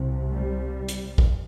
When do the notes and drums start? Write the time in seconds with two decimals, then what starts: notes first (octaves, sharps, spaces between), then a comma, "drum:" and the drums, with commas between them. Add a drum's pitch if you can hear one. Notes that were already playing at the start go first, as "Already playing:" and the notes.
Already playing: C2 C3
0.31 G3
0.88 drum: hi-hat
1.18 drum: kick